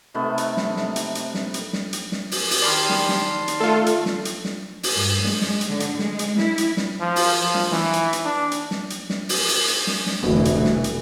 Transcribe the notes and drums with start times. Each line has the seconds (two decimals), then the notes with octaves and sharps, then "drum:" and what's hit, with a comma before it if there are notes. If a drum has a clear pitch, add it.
0.14 C3 D#3 A3 B3
0.38 drum: hi-hat
0.57 drum: snare
0.76 drum: snare
0.96 drum: hi-hat
1.15 drum: hi-hat
1.35 drum: snare
1.54 drum: hi-hat
1.73 drum: snare
1.93 drum: hi-hat
2.12 drum: snare
2.31 drum: open hi-hat
2.51 drum: open hi-hat
2.62 D#3 G4 D5 A5 B5 C6 F6
2.90 drum: snare
3.09 drum: snare
3.48 drum: hi-hat
3.60 A3 F4 A4
3.86 drum: hi-hat
4.06 drum: snare
4.25 drum: hi-hat
4.45 drum: snare
4.83 drum: open hi-hat
4.96 G2
5.24 G#3, drum: snare
5.41 drum: snare
5.61 drum: hi-hat
5.70 D3
5.80 drum: hi-hat
5.99 G#3, drum: snare
6.19 drum: hi-hat
6.38 E4, drum: snare
6.58 drum: hi-hat
6.77 drum: snare
7.00 F3
7.16 drum: open hi-hat
7.42 F3
7.55 drum: snare
7.72 E3, drum: snare
7.93 drum: hi-hat
8.13 drum: hi-hat
8.25 D4
8.52 drum: hi-hat
8.71 drum: snare
8.90 drum: hi-hat
9.10 drum: snare
9.29 drum: open hi-hat
9.48 drum: open hi-hat
9.68 drum: hi-hat
9.87 drum: snare
10.07 drum: snare
10.23 F1 D2 B2 E3
10.45 drum: hi-hat
10.65 drum: snare
10.84 drum: hi-hat